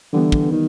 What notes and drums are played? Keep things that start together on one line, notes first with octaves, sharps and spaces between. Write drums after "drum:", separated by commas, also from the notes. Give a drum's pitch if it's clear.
D3 E3 G3 B3
drum: kick
D#3